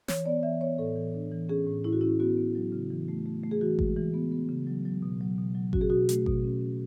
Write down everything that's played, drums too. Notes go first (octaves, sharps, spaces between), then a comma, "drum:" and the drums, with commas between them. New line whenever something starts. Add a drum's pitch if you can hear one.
E3 C#5, drum: snare
B3 D5
E3 E5
B3 C#5
A2 A4
E3
D4
E3
C#4 G#4
A2
A2 E4
F#4
C#4 E4
B3 F#4
B3
F#3
C#3
E3
A3
A3
A3
G#4
E3 F#4
G#3, drum: kick G#1
E3
B3
B3
C#3
F#3
F#3
B2
F#3
B2
F#3
C#4 F#4, drum: kick G#1
G#4
B2 F#4
A3, drum: hi-hat
B2, drum: kick G#1
C#4
C#4